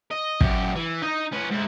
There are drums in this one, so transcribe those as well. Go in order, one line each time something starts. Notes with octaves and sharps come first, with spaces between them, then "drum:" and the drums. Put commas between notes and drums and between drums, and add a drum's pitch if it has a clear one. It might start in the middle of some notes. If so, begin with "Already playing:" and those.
D#5
F#2 G4, drum: kick
E3
D#4 D#5
C#4 B4
G#2 E4